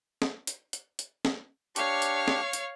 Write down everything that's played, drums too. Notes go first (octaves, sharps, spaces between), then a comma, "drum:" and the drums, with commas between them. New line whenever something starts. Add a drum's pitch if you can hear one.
drum: snare
drum: hi-hat
drum: hi-hat
drum: hi-hat
drum: snare
D4 G4 C#5 F5 C#6, drum: hi-hat
drum: hi-hat
drum: snare
drum: hi-hat